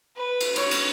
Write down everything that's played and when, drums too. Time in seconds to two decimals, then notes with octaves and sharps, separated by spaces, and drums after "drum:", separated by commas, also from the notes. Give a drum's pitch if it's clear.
0.16 B4
0.41 drum: cymbal
0.56 C#5, drum: cymbal
0.71 drum: cymbal